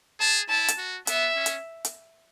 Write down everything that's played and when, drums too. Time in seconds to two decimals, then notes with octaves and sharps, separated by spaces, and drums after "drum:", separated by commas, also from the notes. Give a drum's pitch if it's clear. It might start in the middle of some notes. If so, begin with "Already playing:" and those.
0.20 G#4 A5
0.49 E4 A5
0.68 drum: hi-hat
0.78 F#4
1.07 B3 E5, drum: hi-hat
1.36 C#4
1.46 drum: hi-hat
1.85 drum: hi-hat